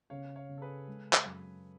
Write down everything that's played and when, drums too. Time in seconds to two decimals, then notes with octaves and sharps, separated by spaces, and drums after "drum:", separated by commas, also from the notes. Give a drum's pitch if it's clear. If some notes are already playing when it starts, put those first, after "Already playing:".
0.10 C#3 C#5 F5
0.36 C#5 F5
0.49 C#3
0.58 A4
0.61 G#4 B4
0.88 G#3
1.13 drum: clap
1.25 F#2